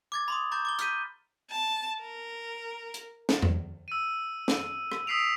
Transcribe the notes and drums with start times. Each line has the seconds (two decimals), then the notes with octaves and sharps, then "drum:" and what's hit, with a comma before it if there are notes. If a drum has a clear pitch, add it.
0.12 D6 G#6 A6
0.28 B5 C6 D#6
0.52 A#5 C#6 D6 G6 A6
0.65 D6 A6 G7
0.79 F6 G6 B6 D#7, drum: hi-hat
1.50 A5
2.00 A#4
2.94 drum: hi-hat
3.29 drum: snare
3.42 drum: tom E2
3.88 E6 D#7
4.48 drum: snare
4.92 drum: rim click
5.07 D#6 E6 B6 C7 D7 F7